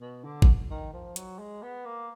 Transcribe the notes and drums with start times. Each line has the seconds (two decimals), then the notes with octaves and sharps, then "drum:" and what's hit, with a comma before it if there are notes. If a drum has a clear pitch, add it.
0.01 B2
0.24 D3
0.42 drum: kick
0.71 D#3
0.93 F3
1.16 F#3, drum: hi-hat
1.39 G#3
1.62 B3
1.85 A#3